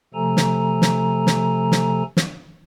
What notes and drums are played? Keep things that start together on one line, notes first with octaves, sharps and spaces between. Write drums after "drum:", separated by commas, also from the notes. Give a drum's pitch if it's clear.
C3 F3 A3 A4 G#5 A#5
drum: snare
drum: snare
drum: snare
drum: snare
drum: snare